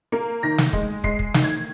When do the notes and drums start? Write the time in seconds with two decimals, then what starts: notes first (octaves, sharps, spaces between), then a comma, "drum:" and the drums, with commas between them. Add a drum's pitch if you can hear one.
0.12 A#3
0.43 D#3 A#6
0.58 drum: snare
0.73 G#3, drum: kick
1.04 G#3 C7, drum: kick
1.19 drum: kick
1.34 D#3, drum: snare
1.44 G#6